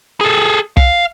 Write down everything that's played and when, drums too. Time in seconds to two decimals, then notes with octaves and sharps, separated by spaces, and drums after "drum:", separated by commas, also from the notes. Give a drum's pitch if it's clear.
0.21 G#4 A4
0.77 F5, drum: kick